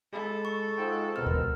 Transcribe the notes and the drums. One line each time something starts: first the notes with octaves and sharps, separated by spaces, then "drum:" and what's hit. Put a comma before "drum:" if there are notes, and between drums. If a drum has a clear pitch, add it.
G#3 G#4 A4 B5
C#6
G#2 G#3 F4 G5 E6
C#2 B2 B3 C4 A#4 E6 F6
drum: kick C#2